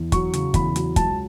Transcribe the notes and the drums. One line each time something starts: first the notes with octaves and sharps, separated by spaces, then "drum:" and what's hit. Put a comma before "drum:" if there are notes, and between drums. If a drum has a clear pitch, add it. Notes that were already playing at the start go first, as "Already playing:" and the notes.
Already playing: E2
F#3 C#6, drum: kick, hi-hat
C#3, drum: hi-hat
E2 B5, drum: kick, hi-hat
F#3, drum: hi-hat
C#2 A5, drum: kick, hi-hat